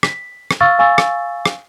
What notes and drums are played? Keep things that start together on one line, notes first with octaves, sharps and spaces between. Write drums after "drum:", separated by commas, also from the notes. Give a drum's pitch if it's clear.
B6, drum: rim click
drum: rim click
F5 C#6 E6 F6 A6
F5 G#5 C#6 E6 A6
drum: rim click
drum: rim click